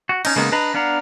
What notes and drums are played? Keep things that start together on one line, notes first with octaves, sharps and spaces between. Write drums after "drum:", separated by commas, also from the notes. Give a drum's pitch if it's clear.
F#4
C#4 D#4, drum: cymbal
C#3 G#3 A#3 B3 D#4
D4 B4 D#5 A#5 B5
B3 D4 F5 F#5 A#5